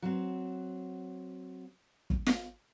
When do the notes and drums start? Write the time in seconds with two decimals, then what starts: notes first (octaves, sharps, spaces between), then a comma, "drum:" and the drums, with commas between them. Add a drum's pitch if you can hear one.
0.02 F#3 C4
2.10 drum: kick
2.26 drum: snare